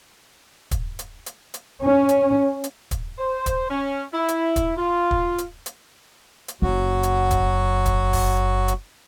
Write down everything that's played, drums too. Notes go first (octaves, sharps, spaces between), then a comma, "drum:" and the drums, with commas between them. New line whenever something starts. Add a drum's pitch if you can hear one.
drum: kick, hi-hat
drum: hi-hat
drum: hi-hat
drum: hi-hat
C#4
drum: hi-hat
drum: hi-hat
drum: kick, hi-hat
C5
drum: kick, hi-hat
C#4
E4
drum: hi-hat
drum: kick, hi-hat
F4
drum: kick
drum: hi-hat
drum: hi-hat
drum: hi-hat
F#1 F#3 F#4
drum: hi-hat
drum: kick, hi-hat
drum: kick, hi-hat
drum: kick, open hi-hat
drum: hi-hat